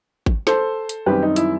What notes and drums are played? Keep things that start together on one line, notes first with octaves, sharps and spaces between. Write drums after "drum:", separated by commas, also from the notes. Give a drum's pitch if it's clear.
drum: kick G#1
A4 C5, drum: snare
drum: hi-hat
F#2 D#3 G3 C4 G4 B4
D#4
E4, drum: hi-hat